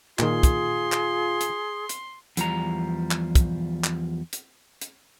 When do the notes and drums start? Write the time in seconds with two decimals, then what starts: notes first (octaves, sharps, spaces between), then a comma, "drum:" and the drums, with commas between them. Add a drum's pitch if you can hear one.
0.19 A#2 D#3 F4 G#4 C6, drum: clap
0.43 drum: kick, hi-hat
0.92 drum: clap
1.41 drum: hi-hat
1.89 drum: hi-hat
2.37 E2 F3 G3 A#5, drum: hi-hat
3.11 drum: clap
3.35 drum: kick, hi-hat
3.84 drum: clap
4.33 drum: hi-hat
4.81 drum: hi-hat